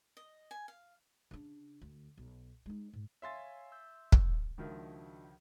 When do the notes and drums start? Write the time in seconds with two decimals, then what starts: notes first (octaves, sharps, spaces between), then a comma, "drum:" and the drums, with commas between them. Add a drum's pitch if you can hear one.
0.17 D#5
0.51 G#5
0.68 F5
1.31 C#3 D4
1.82 D2
2.18 B1
2.66 G#3 D#4
2.93 G#2
3.22 C#5 E5 F5 G#5 C6 A6
3.72 E6 G6
4.12 drum: kick
4.58 C#2 D#3 F3 D4 F#4 E5